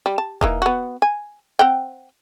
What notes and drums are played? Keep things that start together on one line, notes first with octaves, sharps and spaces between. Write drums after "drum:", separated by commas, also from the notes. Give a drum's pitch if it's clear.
G3
A5
E3 A#3 D#4, drum: kick E1
B3 F#4
G#5
C4 F#5 G5